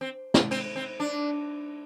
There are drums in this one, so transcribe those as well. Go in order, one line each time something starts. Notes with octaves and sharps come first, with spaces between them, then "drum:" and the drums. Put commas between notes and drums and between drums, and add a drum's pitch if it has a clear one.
C4
drum: snare
C4, drum: cymbal
C4
D4